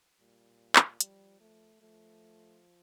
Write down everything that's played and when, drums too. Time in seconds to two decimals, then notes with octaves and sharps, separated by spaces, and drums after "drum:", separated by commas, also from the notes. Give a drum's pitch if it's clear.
0.20 A#2 G3
0.76 drum: clap
1.01 F3 G3, drum: hi-hat
1.40 A3
1.81 F3 A3